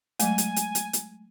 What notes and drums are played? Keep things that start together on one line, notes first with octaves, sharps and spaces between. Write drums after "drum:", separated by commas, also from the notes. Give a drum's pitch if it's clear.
F#3 G#3 A3 G#5, drum: hi-hat
drum: hi-hat
drum: hi-hat
drum: hi-hat
drum: hi-hat